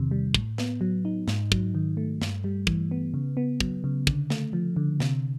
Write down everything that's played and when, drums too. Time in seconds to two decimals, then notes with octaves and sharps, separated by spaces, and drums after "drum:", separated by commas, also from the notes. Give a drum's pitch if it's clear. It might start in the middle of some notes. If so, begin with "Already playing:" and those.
Already playing: E2 C3 D#3
0.11 G3
0.34 A2, drum: kick
0.58 B3, drum: snare
0.81 F#3
1.05 D#4
1.28 G#2, drum: snare
1.52 F#3, drum: kick
1.75 D#3
1.97 A3
2.22 G2, drum: snare
2.44 G3
2.67 E3, drum: kick
2.91 B3
3.14 C#3
3.37 B3
3.60 F#3, drum: kick
3.84 C#3
4.07 D3, drum: kick
4.30 A3, drum: snare
4.53 F3
4.76 D3
5.00 C3, drum: snare